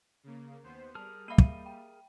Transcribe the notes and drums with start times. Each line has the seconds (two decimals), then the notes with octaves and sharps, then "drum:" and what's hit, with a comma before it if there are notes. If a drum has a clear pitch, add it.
0.24 C#3 A#3
0.63 D#2 B3 C5
0.95 G3 G#4 A#4 A5 F6
1.28 A#3 E5 F5 B5 D#7
1.38 drum: kick
1.66 G5